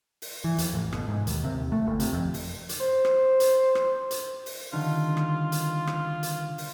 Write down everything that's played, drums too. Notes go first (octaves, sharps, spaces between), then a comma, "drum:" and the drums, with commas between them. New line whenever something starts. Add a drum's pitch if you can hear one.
drum: open hi-hat
E3
F2, drum: hi-hat
A1
B2, drum: rim click
G#2
D#2, drum: hi-hat
C3
D#2
A3
G1
C3, drum: hi-hat
F2
drum: open hi-hat
drum: hi-hat
C5
drum: rim click
drum: hi-hat
drum: rim click
drum: hi-hat
drum: open hi-hat
C2 D3 D#3 F4
drum: rim click
drum: hi-hat
drum: rim click
drum: hi-hat
drum: open hi-hat